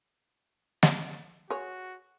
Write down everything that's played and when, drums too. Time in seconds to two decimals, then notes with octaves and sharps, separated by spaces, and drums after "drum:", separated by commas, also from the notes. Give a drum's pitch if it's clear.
0.83 drum: snare
1.50 F#4 G#4 C#5